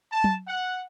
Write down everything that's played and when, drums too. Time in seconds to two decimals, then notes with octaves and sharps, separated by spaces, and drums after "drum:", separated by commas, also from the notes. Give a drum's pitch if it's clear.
0.11 A5
0.24 drum: tom F#3
0.48 F#5